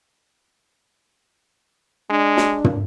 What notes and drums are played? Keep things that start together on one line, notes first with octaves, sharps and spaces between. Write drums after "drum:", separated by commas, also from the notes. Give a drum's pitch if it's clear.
G#3 D4
drum: snare
drum: tom